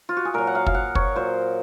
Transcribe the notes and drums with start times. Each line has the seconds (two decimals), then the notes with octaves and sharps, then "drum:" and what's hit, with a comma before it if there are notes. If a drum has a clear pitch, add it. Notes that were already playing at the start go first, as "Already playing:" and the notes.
0.09 F4
0.17 F#4
0.25 G#4
0.34 A#2 F#3 A#4
0.47 F#5
0.55 F5
0.66 F5, drum: kick
0.74 F#5
0.95 C#5, drum: kick
1.15 A#2 F#3 C5